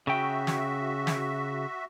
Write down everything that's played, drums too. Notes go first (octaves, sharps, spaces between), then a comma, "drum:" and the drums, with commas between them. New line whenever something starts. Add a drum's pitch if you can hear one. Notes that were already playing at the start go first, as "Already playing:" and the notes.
C#3 F#4 E5 G5
drum: snare
drum: snare